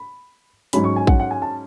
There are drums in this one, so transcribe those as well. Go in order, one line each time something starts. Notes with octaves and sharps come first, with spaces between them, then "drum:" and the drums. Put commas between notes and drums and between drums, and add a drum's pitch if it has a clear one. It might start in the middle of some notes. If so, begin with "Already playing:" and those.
Already playing: B5
G#2 F#3 C#4 B5, drum: hi-hat
C#6
G#5
F#5, drum: kick
F#5
G#5
A5